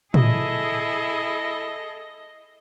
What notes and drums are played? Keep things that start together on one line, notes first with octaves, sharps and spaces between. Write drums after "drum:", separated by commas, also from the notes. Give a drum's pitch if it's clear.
E4 G#4 A4 D#5, drum: tom